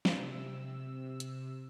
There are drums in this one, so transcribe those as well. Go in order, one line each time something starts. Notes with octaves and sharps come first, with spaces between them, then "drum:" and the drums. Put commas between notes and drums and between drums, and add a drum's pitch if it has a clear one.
drum: snare
C3 E6
drum: hi-hat